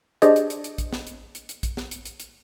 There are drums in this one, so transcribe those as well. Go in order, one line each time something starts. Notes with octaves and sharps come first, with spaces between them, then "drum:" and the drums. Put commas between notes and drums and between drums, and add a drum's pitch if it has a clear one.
D4 G4 G#4 C5 D5 D#5, drum: hi-hat
drum: hi-hat
drum: hi-hat
drum: hi-hat
drum: kick A#1, hi-hat
drum: snare
drum: hi-hat
drum: hi-hat
drum: hi-hat
drum: kick A#1, hi-hat
drum: snare
drum: hi-hat
drum: hi-hat
drum: hi-hat